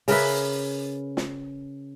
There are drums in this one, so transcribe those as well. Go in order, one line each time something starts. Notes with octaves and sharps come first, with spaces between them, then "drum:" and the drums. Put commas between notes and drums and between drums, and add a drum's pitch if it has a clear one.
C#3 A#4 B4 E5, drum: open hi-hat
drum: snare